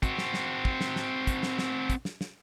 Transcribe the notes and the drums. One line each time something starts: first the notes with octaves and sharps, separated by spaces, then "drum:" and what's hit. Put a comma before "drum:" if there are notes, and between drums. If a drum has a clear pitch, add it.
C4 F#4, drum: kick, hi-hat
drum: snare
drum: snare
drum: kick
drum: snare
drum: snare
drum: kick, hi-hat
drum: snare
drum: snare
drum: kick, hi-hat
drum: snare
drum: snare